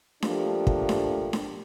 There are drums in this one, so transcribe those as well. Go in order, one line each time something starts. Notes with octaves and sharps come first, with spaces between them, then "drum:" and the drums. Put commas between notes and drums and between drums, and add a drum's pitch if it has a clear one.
F3 A3 A#3 D4 G4, drum: snare D4
drum: kick
drum: snare D4
drum: snare D4